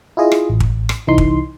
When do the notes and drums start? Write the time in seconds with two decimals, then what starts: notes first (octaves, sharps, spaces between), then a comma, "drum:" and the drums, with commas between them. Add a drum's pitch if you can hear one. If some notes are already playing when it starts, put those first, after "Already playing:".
0.17 E4 F4 G#4 D#5
0.32 drum: rim click
0.49 A1
0.60 drum: kick
0.89 drum: rim click
1.07 C2 E3 D#4 C6
1.18 drum: kick